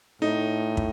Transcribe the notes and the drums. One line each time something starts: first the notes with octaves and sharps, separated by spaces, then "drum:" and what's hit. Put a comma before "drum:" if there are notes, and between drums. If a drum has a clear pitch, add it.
A2 D#4
drum: kick